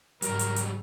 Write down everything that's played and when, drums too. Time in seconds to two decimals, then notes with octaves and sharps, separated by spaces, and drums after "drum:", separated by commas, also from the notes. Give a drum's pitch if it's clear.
0.22 G#2 C#3 F#3 G3 A#4, drum: hi-hat
0.39 drum: hi-hat
0.56 drum: hi-hat